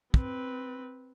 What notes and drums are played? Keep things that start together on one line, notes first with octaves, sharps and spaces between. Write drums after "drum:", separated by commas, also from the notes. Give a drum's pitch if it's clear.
C4 B4, drum: kick